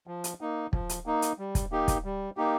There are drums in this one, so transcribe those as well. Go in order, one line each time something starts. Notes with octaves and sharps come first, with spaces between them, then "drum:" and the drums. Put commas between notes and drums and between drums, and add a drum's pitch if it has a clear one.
F3
drum: hi-hat
A#3 D#4
F3, drum: kick
drum: hi-hat
A#3 D#4
drum: hi-hat
G3
drum: kick, hi-hat
A#3 D#4 G4
drum: kick, hi-hat
G3
A#3 D#4 G4